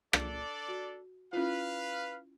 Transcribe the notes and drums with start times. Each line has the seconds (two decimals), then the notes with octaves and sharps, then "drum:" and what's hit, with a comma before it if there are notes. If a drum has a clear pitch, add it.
0.13 D4 A4 D5, drum: rim click
0.68 F#4
1.33 C#4 E4 F4 B4 F5